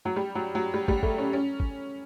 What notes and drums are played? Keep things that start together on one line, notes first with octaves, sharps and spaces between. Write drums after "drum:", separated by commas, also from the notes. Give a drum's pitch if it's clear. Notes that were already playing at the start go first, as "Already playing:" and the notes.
F#3
G3
F#3
F#3
G3
G3, drum: kick
A3, drum: kick
C#4
C#4
drum: kick